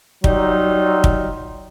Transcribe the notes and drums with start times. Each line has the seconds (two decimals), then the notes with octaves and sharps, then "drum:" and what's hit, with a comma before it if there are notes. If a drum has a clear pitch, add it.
0.24 F#3 G3 D#4 F4, drum: kick
1.04 drum: kick